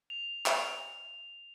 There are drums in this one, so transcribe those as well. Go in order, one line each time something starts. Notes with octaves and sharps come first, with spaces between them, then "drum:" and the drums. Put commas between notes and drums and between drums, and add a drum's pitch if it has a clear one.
F7
drum: clap